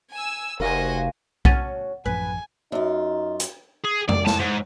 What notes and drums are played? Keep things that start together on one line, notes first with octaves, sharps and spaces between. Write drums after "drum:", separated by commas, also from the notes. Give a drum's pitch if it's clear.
G#5 E6
F1 F#4 A#4 C5 D#5 F5 G#5
C#4 F#4 F#5 A6 D#7, drum: kick B1
A1 F#2 F3 B4 G#5
F#2 D#4 F4
drum: hi-hat
G#4
D5, drum: tom F2
A5, drum: snare
G#2